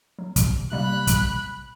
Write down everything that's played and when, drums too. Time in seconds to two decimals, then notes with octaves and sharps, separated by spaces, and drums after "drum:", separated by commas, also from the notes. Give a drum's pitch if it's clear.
0.19 F#3
0.36 drum: kick, hi-hat
0.72 C3 G3 A#3 B5 F#6
1.07 drum: kick, hi-hat